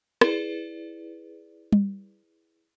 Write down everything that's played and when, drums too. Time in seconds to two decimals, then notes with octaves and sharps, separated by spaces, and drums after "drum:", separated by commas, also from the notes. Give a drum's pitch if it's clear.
0.21 E4 G#4 B4 D5, drum: rim click
1.72 drum: tom G3